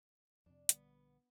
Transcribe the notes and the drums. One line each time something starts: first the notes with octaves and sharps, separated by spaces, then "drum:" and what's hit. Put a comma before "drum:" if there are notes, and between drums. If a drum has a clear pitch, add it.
F2 C3 D4
A#1 D3 G3 B3, drum: hi-hat